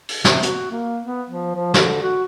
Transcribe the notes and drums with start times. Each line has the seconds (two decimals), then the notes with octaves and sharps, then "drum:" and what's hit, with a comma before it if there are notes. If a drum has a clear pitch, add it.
0.09 drum: open hi-hat
0.25 C3, drum: snare
0.43 F#4, drum: hi-hat
0.71 A#3
1.04 B3
1.30 F3
1.56 F3
1.74 D3, drum: snare
2.03 F#4